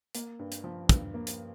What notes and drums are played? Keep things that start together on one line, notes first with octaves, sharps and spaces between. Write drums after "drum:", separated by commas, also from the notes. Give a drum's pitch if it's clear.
A#3, drum: hi-hat
G2
drum: hi-hat
F3
G2, drum: kick, hi-hat
A#3
drum: hi-hat